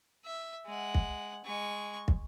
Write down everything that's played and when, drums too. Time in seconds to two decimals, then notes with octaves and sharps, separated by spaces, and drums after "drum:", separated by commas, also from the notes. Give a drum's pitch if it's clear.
0.25 E5
0.66 G#3 F#5
0.95 drum: kick
1.45 G#3 C#6
2.08 drum: kick